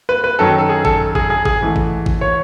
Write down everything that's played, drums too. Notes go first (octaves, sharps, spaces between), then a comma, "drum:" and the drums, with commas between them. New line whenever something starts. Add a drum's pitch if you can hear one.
B4
B4
F#2 D#3 F#3 A4
A4
G#4
A4, drum: kick G#1
G#4, drum: kick G#1
G#4
G#4, drum: kick G#1
G#2 E3 A3
drum: kick G#1
drum: kick G#1
C#5